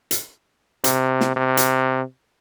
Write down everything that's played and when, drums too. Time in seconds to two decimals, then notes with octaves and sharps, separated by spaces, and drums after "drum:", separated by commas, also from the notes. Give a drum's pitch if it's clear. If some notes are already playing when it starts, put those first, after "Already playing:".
0.11 drum: hi-hat
0.84 C3, drum: hi-hat
1.21 drum: snare
1.36 C3
1.57 drum: hi-hat